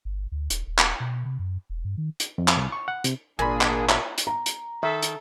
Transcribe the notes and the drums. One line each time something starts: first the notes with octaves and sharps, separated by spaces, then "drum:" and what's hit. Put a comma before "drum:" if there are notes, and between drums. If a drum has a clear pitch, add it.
G1
D2
D#1, drum: hi-hat
D#1
drum: clap
B2
C3
F#2
E1
G2
D#3
drum: hi-hat
F2
drum: clap
C2
C#6
F#5
C3, drum: hi-hat
G#1 A#2 A#3 D4 G#4 G#5 B5
drum: clap
drum: clap
drum: hi-hat
A#5
drum: hi-hat
D#3 A4 E5
drum: hi-hat